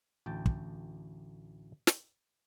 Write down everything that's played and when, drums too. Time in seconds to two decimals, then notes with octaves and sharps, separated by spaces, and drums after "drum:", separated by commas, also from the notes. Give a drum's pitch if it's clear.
0.26 A1 D2 G5 A5
0.46 drum: kick
1.87 drum: snare